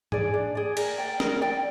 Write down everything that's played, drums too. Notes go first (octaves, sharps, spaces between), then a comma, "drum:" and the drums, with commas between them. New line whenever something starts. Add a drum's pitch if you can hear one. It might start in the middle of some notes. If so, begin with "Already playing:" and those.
G#4 D5, drum: tom G#2
D4
G#4 D5
A#4, drum: cymbal
D5 G5
A#4, drum: snare
D5 G5